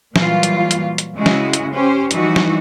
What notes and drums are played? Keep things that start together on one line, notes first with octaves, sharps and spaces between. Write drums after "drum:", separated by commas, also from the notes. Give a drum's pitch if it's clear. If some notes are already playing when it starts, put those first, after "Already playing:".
A#2 E3 F#3 G3 F4, drum: snare
drum: hi-hat
drum: hi-hat
drum: hi-hat
C#3 G#3 E4 F#4
drum: snare
drum: hi-hat
C#4 G4 C5
E3 F3 G3 D#4 E4 F#4, drum: hi-hat
drum: snare